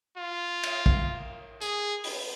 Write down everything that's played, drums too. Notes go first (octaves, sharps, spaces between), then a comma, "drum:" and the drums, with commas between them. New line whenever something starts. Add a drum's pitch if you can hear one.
F4
drum: cymbal
drum: kick A#1
G#4, drum: tambourine
drum: open hi-hat